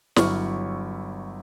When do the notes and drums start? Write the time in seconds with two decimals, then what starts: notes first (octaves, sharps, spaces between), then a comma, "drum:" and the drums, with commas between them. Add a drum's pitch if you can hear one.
0.16 G1 F#3 E4 C#6 F6, drum: snare